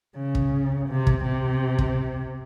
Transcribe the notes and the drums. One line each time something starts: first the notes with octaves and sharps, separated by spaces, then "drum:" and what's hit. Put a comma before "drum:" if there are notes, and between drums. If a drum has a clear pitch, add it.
C#3
drum: kick
C3
drum: kick
C3
drum: kick